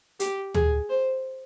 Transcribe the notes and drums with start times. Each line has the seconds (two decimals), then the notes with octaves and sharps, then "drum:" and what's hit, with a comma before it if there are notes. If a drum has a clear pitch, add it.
0.20 G4, drum: hi-hat
0.54 G#4, drum: tom
0.89 C5